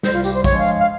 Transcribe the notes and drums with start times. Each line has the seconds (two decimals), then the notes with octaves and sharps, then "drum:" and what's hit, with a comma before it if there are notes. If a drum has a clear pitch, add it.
0.03 C2 C3 G3 C5, drum: snare
0.14 F4
0.24 G4, drum: tambourine
0.34 C5
0.44 G2 F3 G#3 C#5, drum: kick A#1, tambourine
0.58 F5
0.80 F5